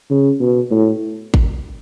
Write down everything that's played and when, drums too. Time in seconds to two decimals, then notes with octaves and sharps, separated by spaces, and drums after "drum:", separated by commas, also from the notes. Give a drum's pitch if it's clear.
0.10 C#3
0.40 B2
0.71 A2
1.34 drum: kick G#1